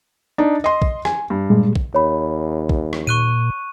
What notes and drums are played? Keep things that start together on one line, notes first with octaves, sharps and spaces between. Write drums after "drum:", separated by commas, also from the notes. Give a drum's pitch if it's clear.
D4 D#4
D#5 C6
drum: kick
G#5, drum: rim click
G2
A#2 G3 G#3
drum: kick
D#2 C#5 B5
drum: kick
drum: rim click
A#2 C#6 F#6 D#7